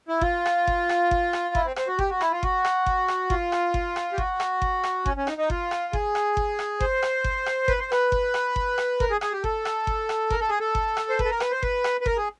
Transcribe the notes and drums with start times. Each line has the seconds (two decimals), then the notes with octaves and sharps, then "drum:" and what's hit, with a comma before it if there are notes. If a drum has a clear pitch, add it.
0.08 E4
0.21 F4, drum: kick G1
0.46 drum: rim click
0.67 drum: kick G1
0.89 drum: rim click
1.11 drum: kick G1
1.33 drum: rim click
1.55 E4, drum: kick G1
1.66 C4
1.76 C4, drum: rim click
1.87 F#4
1.99 G4, drum: kick G1
2.10 F#4
2.21 E4, drum: rim click
2.32 F4
2.43 F#4, drum: kick G1
2.65 drum: rim click
2.86 drum: kick G1
3.08 drum: rim click
3.30 F4, drum: kick G1
3.52 drum: rim click
3.74 drum: kick G1
3.96 drum: rim click
4.12 G4
4.18 F#4, drum: kick G1
4.40 drum: rim click
4.62 drum: kick G1
4.84 drum: rim click
5.06 C#4, drum: kick G1
5.17 C#4
5.27 D#4, drum: rim click
5.38 D#4
5.50 F4, drum: kick G1
5.71 drum: rim click
5.93 G#4, drum: kick G1
6.15 drum: rim click
6.37 drum: kick G1
6.59 drum: rim click
6.80 C5, drum: kick G1
7.02 drum: rim click
7.24 drum: kick G1
7.46 drum: rim click
7.68 B4, drum: kick G1
7.79 C5
7.92 B4, drum: rim click
8.12 drum: kick G1
8.34 drum: rim click
8.56 drum: kick G1
8.78 drum: rim click
9.00 A#4, drum: kick G1
9.11 G#4
9.21 G#4, drum: rim click
9.32 G4
9.44 A4, drum: kick G1
9.65 drum: rim click
9.87 drum: kick G1
10.09 drum: rim click
10.30 A#4, drum: kick G1
10.41 A4
10.49 G#4
10.60 A4
10.75 drum: kick G1
10.97 drum: rim click
11.10 C5
11.19 B4, drum: kick G1
11.25 A4
11.30 A#4
11.40 B4, drum: rim click
11.51 C5
11.63 B4, drum: kick G1
11.84 drum: rim click
12.01 B4
12.06 A#4, drum: kick G1
12.17 G#4